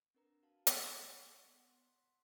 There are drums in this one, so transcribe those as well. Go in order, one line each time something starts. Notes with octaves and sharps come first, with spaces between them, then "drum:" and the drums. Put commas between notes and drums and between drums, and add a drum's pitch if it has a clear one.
C4 D4 A#4 B4 A#5
F#4 F5 A5
drum: hi-hat
C5 E5 F#5 A5
C#5 C6 C#6 B6
B3 B6
F#5 C6